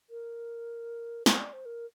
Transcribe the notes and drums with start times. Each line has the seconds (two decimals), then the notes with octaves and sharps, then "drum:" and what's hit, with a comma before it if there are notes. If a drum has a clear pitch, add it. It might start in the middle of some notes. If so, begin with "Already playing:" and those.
0.10 A#4
1.26 C5, drum: snare
1.39 D5
1.53 C5
1.65 A#4